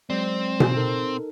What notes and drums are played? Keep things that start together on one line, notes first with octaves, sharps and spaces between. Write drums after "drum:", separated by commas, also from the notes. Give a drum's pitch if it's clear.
F#3 G#3 C4 D5
drum: tom B2
D#4 A4 A#4